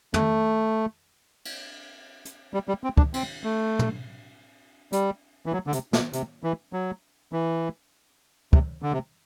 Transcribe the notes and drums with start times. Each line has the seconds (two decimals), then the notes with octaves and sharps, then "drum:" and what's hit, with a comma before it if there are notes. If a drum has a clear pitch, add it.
0.14 A3, drum: tom
1.45 drum: cymbal
2.25 drum: hi-hat
2.54 G3
2.68 G3
2.84 C4
2.97 D4, drum: kick
3.14 C4, drum: cymbal
3.44 A3
3.79 drum: tom
4.92 G3, drum: hi-hat
5.46 E3
5.52 F#3
5.67 D3
5.72 C3, drum: hi-hat
5.93 B2, drum: snare
6.13 C3, drum: hi-hat
6.44 E3
6.73 F#3
7.33 E3
8.53 C3, drum: kick
8.82 D3
8.93 C3